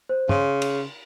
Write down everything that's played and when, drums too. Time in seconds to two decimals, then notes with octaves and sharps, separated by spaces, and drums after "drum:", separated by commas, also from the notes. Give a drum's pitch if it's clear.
0.09 C5
0.29 C#3 C6, drum: tom
0.62 drum: cymbal